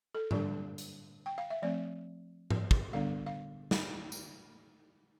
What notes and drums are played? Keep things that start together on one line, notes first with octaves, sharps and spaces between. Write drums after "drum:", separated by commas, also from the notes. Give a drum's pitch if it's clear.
A4
D3 G3 D4, drum: tom G#2
drum: hi-hat
G5
F5
E5
F3 A3 C4 D5
drum: tom G#2
drum: kick
D3 G3 B3 D4 F5
F5
drum: snare
drum: tambourine